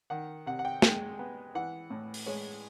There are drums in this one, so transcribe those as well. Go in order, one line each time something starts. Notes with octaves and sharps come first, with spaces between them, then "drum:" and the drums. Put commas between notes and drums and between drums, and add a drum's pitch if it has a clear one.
D#3 F#5
C3 F#5
F#5
G5
G#3, drum: snare
B3
E3 F#5
A2
drum: open hi-hat
G#3 C#5